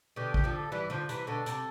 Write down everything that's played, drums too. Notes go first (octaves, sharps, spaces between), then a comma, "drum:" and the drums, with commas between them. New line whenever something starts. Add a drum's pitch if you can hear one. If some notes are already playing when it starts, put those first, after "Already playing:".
B2 D3 G4
G4, drum: kick
D3 F3
A4
E3 G3 B4
D3 F3 C5
C3 E3 B4, drum: hi-hat
B2 D3 A4
C3, drum: hi-hat